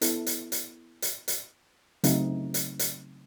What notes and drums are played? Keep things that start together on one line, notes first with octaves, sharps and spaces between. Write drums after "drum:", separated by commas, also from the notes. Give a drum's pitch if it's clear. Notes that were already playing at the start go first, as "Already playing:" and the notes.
B3 E4 A4, drum: hi-hat
drum: hi-hat
drum: hi-hat
drum: hi-hat
drum: hi-hat
C#3 F#3 A3 C4 D#4, drum: hi-hat
drum: hi-hat
drum: hi-hat